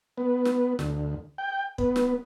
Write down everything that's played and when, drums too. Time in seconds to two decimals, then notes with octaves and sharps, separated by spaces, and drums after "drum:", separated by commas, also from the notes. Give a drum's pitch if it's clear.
0.18 B3
0.45 drum: snare
0.79 D2, drum: snare
1.38 G5
1.78 B3, drum: kick
1.96 drum: snare